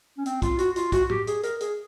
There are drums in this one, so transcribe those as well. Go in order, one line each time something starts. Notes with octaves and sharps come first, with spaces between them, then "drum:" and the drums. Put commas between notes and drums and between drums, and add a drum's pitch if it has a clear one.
C#4
C4, drum: hi-hat
F4, drum: kick, hi-hat
F#4, drum: hi-hat
F4, drum: hi-hat
F#4, drum: kick, hi-hat
G4, drum: tom A2
G#4, drum: hi-hat
A#4, drum: hi-hat
G#4, drum: hi-hat